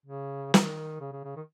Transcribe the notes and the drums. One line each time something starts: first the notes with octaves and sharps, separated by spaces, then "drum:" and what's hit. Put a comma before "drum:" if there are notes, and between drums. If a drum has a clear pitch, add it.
C#3
D#3, drum: snare
C#3
C#3
C#3
D#3